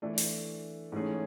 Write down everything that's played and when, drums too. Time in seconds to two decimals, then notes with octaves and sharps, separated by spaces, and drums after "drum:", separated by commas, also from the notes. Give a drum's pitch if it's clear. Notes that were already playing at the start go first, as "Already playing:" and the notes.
0.02 E3 A3 D4
0.18 drum: open hi-hat
0.92 G#2 E3 A3 C#4 G#4